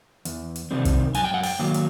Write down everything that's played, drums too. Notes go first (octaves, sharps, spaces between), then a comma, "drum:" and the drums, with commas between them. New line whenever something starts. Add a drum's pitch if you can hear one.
E2, drum: hi-hat
drum: hi-hat
C3 D#3 G3 C4
drum: kick, hi-hat
F#2 G#5, drum: hi-hat
G5
F#5
G5, drum: open hi-hat
D#3 F#3 A#3
drum: hi-hat